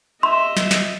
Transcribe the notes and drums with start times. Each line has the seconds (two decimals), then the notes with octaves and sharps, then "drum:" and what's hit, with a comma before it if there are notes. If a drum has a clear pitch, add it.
0.23 D#5 E5 C6
0.57 drum: snare
0.71 drum: snare